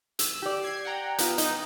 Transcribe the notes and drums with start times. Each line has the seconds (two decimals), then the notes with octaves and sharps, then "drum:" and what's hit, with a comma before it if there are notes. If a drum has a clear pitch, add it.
0.19 E6, drum: hi-hat
0.42 G4 D5
0.62 G#6 C7
0.85 F#5 G5 A#5
1.18 B3 F4, drum: hi-hat
1.38 D#4 D#5, drum: hi-hat